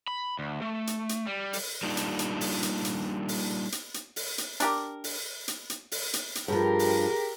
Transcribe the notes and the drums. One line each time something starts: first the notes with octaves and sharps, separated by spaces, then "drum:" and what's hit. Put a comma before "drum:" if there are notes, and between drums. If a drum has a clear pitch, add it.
B5
D2
A3
drum: hi-hat
drum: hi-hat
G3
drum: open hi-hat
G3 A#3 D4 D#4 F4 G4
drum: hi-hat
drum: hi-hat
drum: open hi-hat
drum: hi-hat
drum: hi-hat
drum: open hi-hat
drum: hi-hat
drum: hi-hat
drum: open hi-hat
drum: hi-hat
D4 G4 A#4, drum: hi-hat
drum: open hi-hat
drum: hi-hat
drum: hi-hat
drum: open hi-hat
drum: hi-hat
drum: hi-hat
G2 F3 G4 G#4 A#4
drum: open hi-hat